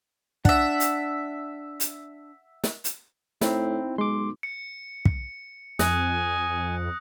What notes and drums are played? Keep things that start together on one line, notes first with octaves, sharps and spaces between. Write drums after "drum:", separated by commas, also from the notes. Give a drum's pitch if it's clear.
D4 E5 F#5, drum: kick
drum: hi-hat
drum: hi-hat
drum: snare
drum: hi-hat
A2 C4 D#4 E4, drum: snare
B1 G#3 C6 D6
C#7
drum: kick
F2 G#5 D#6 F#6 A#6, drum: snare